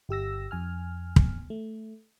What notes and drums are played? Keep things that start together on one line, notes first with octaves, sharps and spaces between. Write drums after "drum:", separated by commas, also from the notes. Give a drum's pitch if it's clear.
G1 G4 E6 A#6
F2 G#5 F6
drum: kick
A3